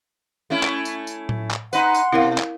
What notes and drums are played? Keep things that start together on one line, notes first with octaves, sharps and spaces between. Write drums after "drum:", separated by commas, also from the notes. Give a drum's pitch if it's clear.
A3 C#4 E4
drum: clap
drum: tambourine
drum: tambourine
drum: tom A2
drum: clap
D#4 B4 F#5 C6, drum: tambourine
drum: tambourine
B2 E4 A#4 F5
drum: clap